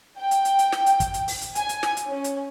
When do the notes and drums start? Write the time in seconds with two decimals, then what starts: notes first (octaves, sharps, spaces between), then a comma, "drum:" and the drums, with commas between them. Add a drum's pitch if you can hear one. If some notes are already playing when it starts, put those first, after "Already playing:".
0.20 G5
0.31 drum: hi-hat
0.45 drum: hi-hat
0.59 drum: hi-hat
0.72 drum: snare
0.86 drum: hi-hat
1.00 drum: kick, hi-hat
1.14 drum: hi-hat
1.28 drum: open hi-hat
1.41 drum: hi-hat
1.55 G#5, drum: hi-hat
1.69 drum: hi-hat
1.83 drum: snare
1.97 drum: hi-hat
2.07 C#4
2.24 drum: hi-hat